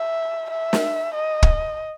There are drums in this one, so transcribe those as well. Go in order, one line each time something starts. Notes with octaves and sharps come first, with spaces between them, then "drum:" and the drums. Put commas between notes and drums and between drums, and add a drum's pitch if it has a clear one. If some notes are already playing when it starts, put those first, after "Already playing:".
Already playing: E5
E5
drum: snare
D#5
drum: kick